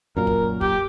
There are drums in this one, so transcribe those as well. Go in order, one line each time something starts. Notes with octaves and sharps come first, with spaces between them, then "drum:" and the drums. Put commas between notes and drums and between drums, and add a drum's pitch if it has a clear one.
F#2 A#2 A#4
drum: kick
G4, drum: kick